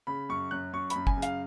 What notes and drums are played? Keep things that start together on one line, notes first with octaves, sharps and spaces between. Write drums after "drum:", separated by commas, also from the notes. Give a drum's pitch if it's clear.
C#3 B5
F#2 C#6
F#2 F#6
F#2 C#6
B5, drum: hi-hat
F#2
G#5, drum: kick F#1
C#3
F5, drum: hi-hat